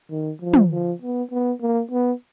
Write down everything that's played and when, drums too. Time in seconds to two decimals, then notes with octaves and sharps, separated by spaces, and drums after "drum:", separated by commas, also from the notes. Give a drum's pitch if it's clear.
0.11 D#3
0.42 F3
0.54 drum: tom
0.71 F3
1.02 B3
1.31 B3
1.61 A#3
1.91 B3